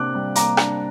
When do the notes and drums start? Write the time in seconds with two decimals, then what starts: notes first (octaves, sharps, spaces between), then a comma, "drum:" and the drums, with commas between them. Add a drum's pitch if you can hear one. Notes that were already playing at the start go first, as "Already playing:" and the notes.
Already playing: C3 A#3 D4 D6 F#6
0.15 G3
0.35 A#3 A#5 D6, drum: hi-hat
0.57 D4, drum: rim click